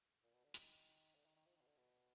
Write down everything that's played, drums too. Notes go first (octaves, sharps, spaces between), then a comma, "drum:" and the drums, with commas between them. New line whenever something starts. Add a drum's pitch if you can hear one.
A#2
B2
D3
D#3, drum: hi-hat
D3
D#3
D#3
F3
D#3
B2
D3
B2